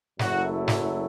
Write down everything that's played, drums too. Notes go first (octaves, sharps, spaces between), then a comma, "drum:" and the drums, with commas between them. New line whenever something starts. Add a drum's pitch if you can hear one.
F#1 F#2 F#3 A3 E4 F#4, drum: snare
drum: snare